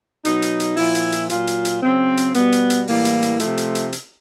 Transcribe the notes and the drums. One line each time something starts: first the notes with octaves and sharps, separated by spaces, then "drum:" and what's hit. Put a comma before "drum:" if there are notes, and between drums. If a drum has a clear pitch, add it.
B2 F#3 D#4, drum: hi-hat
drum: hi-hat
drum: hi-hat
A#2 F3 E4, drum: open hi-hat
drum: hi-hat
drum: hi-hat
A#2 F#3 F4, drum: hi-hat
drum: hi-hat
drum: hi-hat
C#3 F#3 C4
drum: hi-hat
B2 G3 B3, drum: hi-hat
drum: hi-hat
drum: hi-hat
A2 E3 G3 A#3, drum: open hi-hat
drum: hi-hat
drum: hi-hat
C3 F3 A3, drum: hi-hat
drum: hi-hat
drum: hi-hat
drum: hi-hat